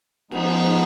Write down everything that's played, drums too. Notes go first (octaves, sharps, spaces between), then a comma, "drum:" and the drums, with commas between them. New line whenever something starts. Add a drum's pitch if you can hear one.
F3 G#3 B3 D#4, drum: cymbal